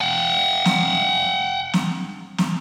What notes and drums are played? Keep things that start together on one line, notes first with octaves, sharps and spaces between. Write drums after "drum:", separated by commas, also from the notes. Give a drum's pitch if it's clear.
F#5 G5
drum: snare
drum: snare
drum: snare